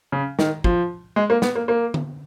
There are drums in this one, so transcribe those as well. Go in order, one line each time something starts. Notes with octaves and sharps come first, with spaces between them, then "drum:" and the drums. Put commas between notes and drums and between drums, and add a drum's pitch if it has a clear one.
C#3
D#3, drum: snare
F3, drum: kick
G#3
A#3
B3, drum: snare
A#3
A#3
drum: tom D3